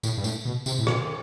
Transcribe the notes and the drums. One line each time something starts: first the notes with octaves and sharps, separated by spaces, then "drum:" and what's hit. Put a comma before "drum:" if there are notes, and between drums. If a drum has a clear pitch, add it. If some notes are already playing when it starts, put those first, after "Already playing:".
A2, drum: tambourine
G2
A2, drum: tambourine
B2
C3, drum: tambourine
A2
B2, drum: rim click